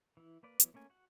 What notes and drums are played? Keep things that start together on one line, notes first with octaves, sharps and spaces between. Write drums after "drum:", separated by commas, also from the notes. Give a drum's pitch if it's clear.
E3 E4
A#3 B4 D5
E3 F#3 B3, drum: hi-hat
A3 A#3 C#4 G#5
F#4 F#5